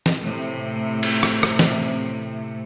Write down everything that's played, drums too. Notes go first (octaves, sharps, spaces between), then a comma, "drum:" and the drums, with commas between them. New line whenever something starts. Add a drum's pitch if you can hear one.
drum: snare
A2 C3
drum: cymbal
drum: rim click
drum: rim click
drum: snare